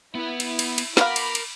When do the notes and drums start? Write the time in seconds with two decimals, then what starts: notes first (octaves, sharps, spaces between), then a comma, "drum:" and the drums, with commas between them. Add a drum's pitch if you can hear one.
0.15 B3 E4 B4
0.40 drum: cymbal
0.59 drum: cymbal
0.78 drum: cymbal
0.97 B3 F#4 A#4 F5 B5 D6, drum: snare
1.16 drum: cymbal
1.35 drum: cymbal